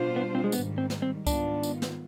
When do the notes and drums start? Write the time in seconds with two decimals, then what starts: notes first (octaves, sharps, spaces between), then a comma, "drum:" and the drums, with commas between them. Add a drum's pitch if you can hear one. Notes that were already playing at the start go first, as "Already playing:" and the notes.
Already playing: B2 G3 D4 F4 C5
0.16 B3
0.35 C4
0.44 G#3
0.52 G#2 D#3 G3 B3, drum: tambourine
0.78 C4
0.90 drum: snare
1.02 C4
1.27 G#2 D#3 B3 D4 F4, drum: kick C#2, tambourine
1.63 drum: tambourine
1.82 drum: snare